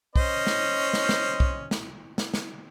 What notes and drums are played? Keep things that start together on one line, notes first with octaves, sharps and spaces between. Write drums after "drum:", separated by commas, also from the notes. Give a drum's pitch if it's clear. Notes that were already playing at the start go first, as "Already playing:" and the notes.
C#4 C5 D#5, drum: kick
drum: snare
drum: snare
drum: snare
drum: kick
drum: snare
drum: snare
drum: snare